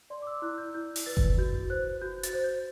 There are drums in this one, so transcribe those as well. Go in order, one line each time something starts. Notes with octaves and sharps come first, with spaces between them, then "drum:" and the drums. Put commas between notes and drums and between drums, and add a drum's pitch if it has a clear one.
D5 C6
D6
E6
E4 F#6
G6
E4 G6
drum: open hi-hat
B4 A6
drum: kick F#1
F#4 G6
C5 F#6
F#4 G6
A6, drum: hi-hat
C5
G6